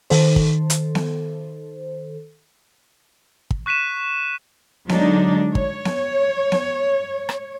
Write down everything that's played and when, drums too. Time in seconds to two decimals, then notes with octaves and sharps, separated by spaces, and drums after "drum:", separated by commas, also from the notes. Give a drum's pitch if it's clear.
0.10 D#3 A4 C5, drum: open hi-hat
0.36 drum: kick
0.70 drum: hi-hat
0.95 drum: snare B3
3.51 drum: kick
3.66 C#6 F#6 B6 D#7 E7
4.89 D3 F#3 G#3 D4 D#4, drum: snare B3
5.55 C#5, drum: kick
5.85 drum: snare B3
6.52 drum: snare B3
7.29 drum: rim click